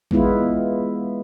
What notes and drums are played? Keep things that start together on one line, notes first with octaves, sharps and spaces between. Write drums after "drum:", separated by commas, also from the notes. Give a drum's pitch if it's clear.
G#3 B3 E4 F4, drum: kick